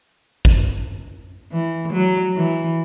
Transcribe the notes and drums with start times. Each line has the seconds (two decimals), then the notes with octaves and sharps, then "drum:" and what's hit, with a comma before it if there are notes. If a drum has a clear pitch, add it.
0.45 drum: kick G#1
1.52 E3
1.92 F#3
2.36 E3